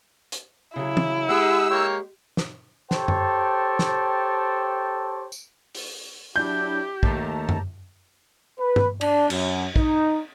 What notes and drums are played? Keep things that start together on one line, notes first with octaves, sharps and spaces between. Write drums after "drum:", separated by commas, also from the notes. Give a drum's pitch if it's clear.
drum: hi-hat
C#3 F#3 E4
drum: tom E3
G#3 G4 G#4 F#5 E6
A#3 C#5 G5
drum: snare
G4 A4 C5 C#5 G5 A5, drum: snare
drum: tom F#2
drum: snare
drum: tambourine
drum: open hi-hat
F#3 D4 E4 G4 G6
D#2 A3 A5 A#5, drum: kick
drum: tom F#2
B4
drum: tom G2
D4, drum: cymbal
F#2, drum: cymbal
D#4, drum: kick